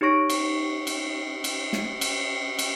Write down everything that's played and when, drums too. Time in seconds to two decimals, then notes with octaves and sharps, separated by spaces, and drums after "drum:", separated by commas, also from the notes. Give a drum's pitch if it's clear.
0.01 D#4 G4 C#5 C#6 A#6 D7
0.30 drum: cymbal
0.87 drum: cymbal
1.44 drum: cymbal
1.73 drum: snare
2.01 drum: cymbal
2.59 drum: cymbal